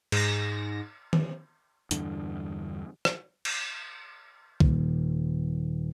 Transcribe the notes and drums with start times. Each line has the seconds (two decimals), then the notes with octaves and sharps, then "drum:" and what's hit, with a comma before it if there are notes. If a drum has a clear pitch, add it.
0.12 G#2 A#6, drum: cymbal
1.13 drum: tom D#3
1.91 E2 G2 D3, drum: hi-hat
3.05 drum: rim click
3.45 drum: cymbal
4.60 D#1, drum: kick